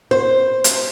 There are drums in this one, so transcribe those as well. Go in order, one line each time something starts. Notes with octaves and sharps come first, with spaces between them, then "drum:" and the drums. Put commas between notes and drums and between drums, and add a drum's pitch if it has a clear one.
C5
drum: hi-hat